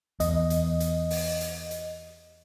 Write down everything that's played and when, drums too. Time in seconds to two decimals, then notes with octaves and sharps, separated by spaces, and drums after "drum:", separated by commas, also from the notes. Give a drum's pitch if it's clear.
0.20 E2 D#5, drum: hi-hat
0.50 drum: hi-hat
0.80 drum: hi-hat
1.10 drum: open hi-hat
1.41 drum: hi-hat
1.71 drum: hi-hat